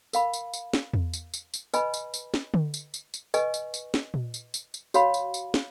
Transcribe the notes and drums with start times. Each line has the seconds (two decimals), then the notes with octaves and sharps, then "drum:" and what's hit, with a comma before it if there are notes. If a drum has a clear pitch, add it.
0.13 A#4 F5 B5, drum: tambourine
0.33 drum: tambourine
0.53 drum: tambourine
0.73 drum: snare
0.94 drum: tom E2
1.14 drum: tambourine
1.34 drum: tambourine
1.54 drum: tambourine
1.74 B4 D#5 G#5 B5, drum: tambourine
1.94 drum: tambourine
2.14 drum: tambourine
2.34 drum: snare
2.54 drum: tom D3
2.74 drum: tambourine
2.94 drum: tambourine
3.14 drum: tambourine
3.34 B4 D#5 G#5 C#6, drum: tambourine
3.54 drum: tambourine
3.74 drum: tambourine
3.94 drum: snare
4.14 drum: tom A#2
4.34 drum: tambourine
4.54 drum: tambourine
4.74 drum: tambourine
4.94 F#4 C#5 F5 B5, drum: tambourine
5.14 drum: tambourine
5.34 drum: tambourine
5.54 drum: snare